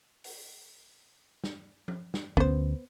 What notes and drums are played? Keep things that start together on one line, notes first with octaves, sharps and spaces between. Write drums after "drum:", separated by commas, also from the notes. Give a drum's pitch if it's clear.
drum: open hi-hat
drum: snare
drum: tom F3
drum: snare
D2 B3 C#4 C5, drum: kick